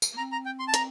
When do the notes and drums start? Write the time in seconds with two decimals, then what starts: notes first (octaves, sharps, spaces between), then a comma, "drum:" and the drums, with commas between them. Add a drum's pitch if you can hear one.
0.02 drum: tambourine
0.13 A#3
0.17 C4 A#5
0.32 A#5
0.46 G5
0.59 C6
0.68 A5
0.74 A#5, drum: hi-hat